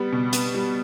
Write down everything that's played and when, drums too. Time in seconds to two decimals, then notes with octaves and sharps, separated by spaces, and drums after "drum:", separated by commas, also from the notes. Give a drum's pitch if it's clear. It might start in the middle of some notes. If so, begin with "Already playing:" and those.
Already playing: G3 B3
0.12 B2
0.33 B3, drum: hi-hat
0.54 G3